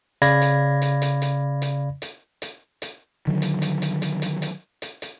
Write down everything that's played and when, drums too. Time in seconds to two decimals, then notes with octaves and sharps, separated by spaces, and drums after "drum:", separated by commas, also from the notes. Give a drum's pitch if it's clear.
0.22 C#3 D5 F5 B5 G#6 A#6, drum: hi-hat
0.42 drum: hi-hat
0.82 drum: hi-hat
1.02 drum: hi-hat
1.22 drum: hi-hat
1.62 drum: hi-hat
2.02 drum: hi-hat
2.42 drum: hi-hat
2.82 drum: hi-hat
3.27 D3 D#3 F#3
3.42 drum: hi-hat
3.62 drum: hi-hat
3.82 drum: hi-hat
4.02 drum: hi-hat
4.22 drum: hi-hat
4.42 drum: hi-hat
4.82 drum: hi-hat
5.02 drum: hi-hat